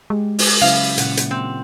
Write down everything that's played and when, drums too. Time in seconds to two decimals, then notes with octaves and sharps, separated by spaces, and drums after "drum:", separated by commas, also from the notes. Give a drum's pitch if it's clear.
0.10 G#3 G4
0.39 drum: open hi-hat
0.62 C#3 F#3 E4 F5
0.98 A#2 C#3 F#5, drum: hi-hat
1.17 drum: hi-hat
1.31 C4